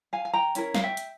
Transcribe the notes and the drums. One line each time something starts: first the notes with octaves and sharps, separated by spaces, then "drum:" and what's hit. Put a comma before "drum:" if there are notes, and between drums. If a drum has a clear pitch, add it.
F5 G#5
G#5
G5 A#5
C#4 E4 A#4, drum: hi-hat
F5, drum: snare
E5 G5
drum: hi-hat